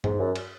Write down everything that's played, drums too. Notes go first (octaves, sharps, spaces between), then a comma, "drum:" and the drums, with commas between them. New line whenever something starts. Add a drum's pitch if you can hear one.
G#2, drum: tom G2
F#2
drum: cymbal